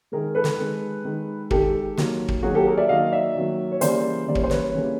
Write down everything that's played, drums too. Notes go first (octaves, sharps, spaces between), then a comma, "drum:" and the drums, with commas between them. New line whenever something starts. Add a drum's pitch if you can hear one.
D#3 G#3 G#4 A#4
A4 B4
drum: snare
D#3 G#3
D#3 G#3
D#3 G#3 G4 A4, drum: kick
D#3 F#3 A#3, drum: snare
drum: kick
D#3 F#3 A#3 F#4 G#4
G4 A4
G#4 A#4
D5 E5
D#3 F#3 A#3 D#5 F5
D5 E5
D#3 F#3 A#3
C#5
C#3 E3 G3 A#3 C5 D5, drum: hi-hat
C#3 E3 G3 A#3 D5
C#5, drum: kick
C5
B4 C#5, drum: snare
C#3 E3 G3 A#3